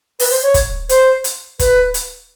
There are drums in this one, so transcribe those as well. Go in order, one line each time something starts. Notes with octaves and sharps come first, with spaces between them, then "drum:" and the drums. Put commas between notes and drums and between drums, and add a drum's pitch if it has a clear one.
B4, drum: open hi-hat
C5
C#5
drum: kick, hi-hat
C5, drum: hi-hat
drum: hi-hat
B4, drum: kick, hi-hat
drum: hi-hat